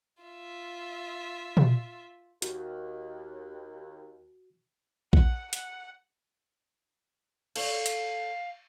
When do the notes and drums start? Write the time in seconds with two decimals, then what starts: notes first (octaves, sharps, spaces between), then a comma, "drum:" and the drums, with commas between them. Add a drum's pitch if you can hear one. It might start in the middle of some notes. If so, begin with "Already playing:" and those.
0.23 F4 E5
1.57 drum: tom
2.42 D#2 F#4, drum: hi-hat
5.13 F#5, drum: kick A#1
5.53 F#5, drum: hi-hat
7.56 A4 C#5 F5, drum: cymbal
7.86 drum: hi-hat